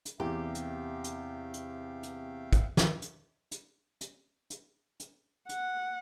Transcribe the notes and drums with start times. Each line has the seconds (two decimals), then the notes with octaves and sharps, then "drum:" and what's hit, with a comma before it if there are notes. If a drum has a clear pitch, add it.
0.05 drum: hi-hat
0.20 E2 C3 G4 E5 F5 G5
0.55 drum: hi-hat
1.04 drum: hi-hat
1.54 drum: hi-hat
2.03 drum: hi-hat
2.53 drum: kick, hi-hat
2.77 drum: snare
3.02 drum: hi-hat
3.51 drum: hi-hat
4.01 drum: hi-hat
4.50 drum: hi-hat
5.00 drum: hi-hat
5.49 F#5, drum: hi-hat